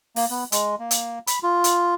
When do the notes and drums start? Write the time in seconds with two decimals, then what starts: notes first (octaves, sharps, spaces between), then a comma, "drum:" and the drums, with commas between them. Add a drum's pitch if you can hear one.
0.16 A#3, drum: open hi-hat
0.30 B3
0.52 G#3, drum: hi-hat
0.79 A#3
0.91 drum: hi-hat
1.27 B5, drum: hi-hat
1.43 F4
1.64 drum: hi-hat